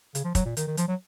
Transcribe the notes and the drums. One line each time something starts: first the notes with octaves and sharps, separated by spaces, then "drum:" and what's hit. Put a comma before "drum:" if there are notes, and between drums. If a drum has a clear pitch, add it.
C#3, drum: hi-hat
F3
F#3, drum: kick, hi-hat
A#2
D#3, drum: hi-hat
D#3
F3, drum: hi-hat
F#3